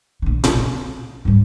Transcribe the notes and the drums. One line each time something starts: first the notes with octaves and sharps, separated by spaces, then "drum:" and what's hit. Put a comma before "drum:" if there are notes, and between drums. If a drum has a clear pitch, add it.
A#1 D3
C4, drum: tom A#2
G#2 G3